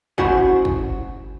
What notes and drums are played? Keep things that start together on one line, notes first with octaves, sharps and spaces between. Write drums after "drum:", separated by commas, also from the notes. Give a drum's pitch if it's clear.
C#4 E4 F#4 C5 F#5 G#5, drum: kick
drum: kick